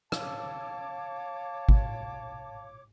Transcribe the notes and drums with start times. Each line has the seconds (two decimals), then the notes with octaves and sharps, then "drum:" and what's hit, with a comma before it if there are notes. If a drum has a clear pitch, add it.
0.12 C#5 F5 A5 D6, drum: rim click
1.69 drum: kick